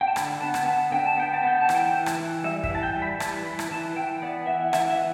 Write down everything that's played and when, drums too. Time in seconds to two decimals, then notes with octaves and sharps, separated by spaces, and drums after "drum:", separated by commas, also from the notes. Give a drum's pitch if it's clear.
0.01 G5
0.07 A5
0.16 D3 B5, drum: rim click
0.41 B3 A5
0.54 drum: rim click
0.66 B3 A5
0.92 D3 G5
1.06 A5
1.17 B3 G5
1.34 A5
1.43 B3 G5
1.61 A5
1.69 E3, drum: rim click
1.75 G5
1.94 E3
2.06 drum: rim click
2.19 E3
2.44 G3 E5
2.64 E5, drum: kick
2.70 E3 A5
2.83 G5
2.96 G3
3.02 B5
3.20 E3 A5, drum: rim click
3.46 E3 B5
3.59 drum: rim click
3.71 E3 A5
3.96 E3 G5
4.22 B3 D5
4.47 E3 E5
4.73 E3 E5, drum: rim click
4.90 E5
4.98 E3